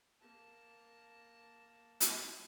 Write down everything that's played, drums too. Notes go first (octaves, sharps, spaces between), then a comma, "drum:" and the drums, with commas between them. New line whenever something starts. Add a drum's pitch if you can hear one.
A#3 A5
drum: hi-hat